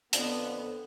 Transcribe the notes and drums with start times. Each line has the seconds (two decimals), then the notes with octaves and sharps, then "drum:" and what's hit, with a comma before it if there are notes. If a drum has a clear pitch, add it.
0.13 F2 D3 B3, drum: hi-hat